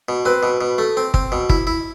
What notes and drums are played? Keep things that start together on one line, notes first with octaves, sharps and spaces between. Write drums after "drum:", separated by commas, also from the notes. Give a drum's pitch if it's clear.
B2
C4 B4
B2
B2
A3
C4
C4, drum: kick G1
B2
E4, drum: kick G1
E4